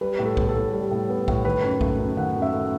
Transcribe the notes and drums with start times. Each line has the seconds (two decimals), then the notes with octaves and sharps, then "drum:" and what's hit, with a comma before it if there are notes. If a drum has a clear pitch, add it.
0.01 G3 B4
0.19 A2
0.25 A4
0.37 B3, drum: kick
0.49 A4
0.55 A2
0.73 G3
0.91 A2
1.09 B3
1.28 A2, drum: kick
1.45 D#3 B4
1.64 F#2
1.81 A3, drum: kick
1.99 F#2
2.17 D#3 F#5
2.36 F#2
2.42 E5
2.53 A3